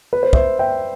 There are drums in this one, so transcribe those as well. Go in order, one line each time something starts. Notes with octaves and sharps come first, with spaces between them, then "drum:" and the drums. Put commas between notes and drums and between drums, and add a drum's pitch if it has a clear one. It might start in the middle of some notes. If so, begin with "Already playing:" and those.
B4
C5
C5 E5, drum: kick
E5 G5